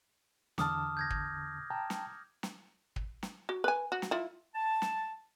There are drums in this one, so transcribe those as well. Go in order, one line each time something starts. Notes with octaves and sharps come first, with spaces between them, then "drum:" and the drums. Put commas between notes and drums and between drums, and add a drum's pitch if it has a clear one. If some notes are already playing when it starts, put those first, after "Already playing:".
E2 D3 A5 D6 D#6 F6, drum: snare
G6 G#6 A#6
drum: kick
G5 A5 A#5
drum: snare
drum: snare
drum: kick
drum: snare
F#4
B4 G#5
F#4
drum: snare
E4 F4
A5
drum: snare